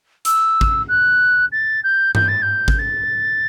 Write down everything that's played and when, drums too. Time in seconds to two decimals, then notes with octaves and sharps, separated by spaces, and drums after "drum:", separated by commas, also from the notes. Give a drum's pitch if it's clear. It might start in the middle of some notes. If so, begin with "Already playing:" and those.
0.25 E6, drum: hi-hat
0.61 drum: kick
0.88 F#6
1.52 A6
1.83 G6
2.15 G6, drum: tom G2
2.28 A6
2.42 G6
2.68 drum: kick
2.78 A6